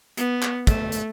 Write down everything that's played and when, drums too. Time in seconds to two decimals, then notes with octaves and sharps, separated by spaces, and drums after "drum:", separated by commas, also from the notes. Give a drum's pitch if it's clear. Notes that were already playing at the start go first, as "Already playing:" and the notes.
0.17 B3, drum: hi-hat
0.42 drum: clap
0.67 A3, drum: kick, hi-hat
0.92 drum: hi-hat